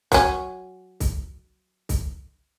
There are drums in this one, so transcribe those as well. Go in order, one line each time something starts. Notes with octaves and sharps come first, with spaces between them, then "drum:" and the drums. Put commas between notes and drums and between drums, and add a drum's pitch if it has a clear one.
F#3 C#4, drum: kick C2, hi-hat
drum: kick C2, hi-hat
drum: kick C2, hi-hat